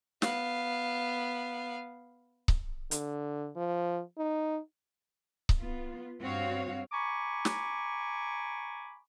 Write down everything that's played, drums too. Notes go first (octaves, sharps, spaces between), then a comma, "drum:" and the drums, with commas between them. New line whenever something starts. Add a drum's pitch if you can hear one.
B3 F5, drum: snare
drum: kick C#1
D3, drum: hi-hat
F3
D#4
drum: kick C#1
B3 F4
G2 C4 F#4 C#5 F5
G#5 A#5 B5 C#6 D6
drum: snare